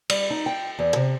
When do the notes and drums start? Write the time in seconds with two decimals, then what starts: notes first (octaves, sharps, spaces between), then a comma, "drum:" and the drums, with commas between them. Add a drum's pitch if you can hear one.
0.10 G3, drum: cymbal
0.30 D#4
0.46 G5
0.79 E2
0.96 C3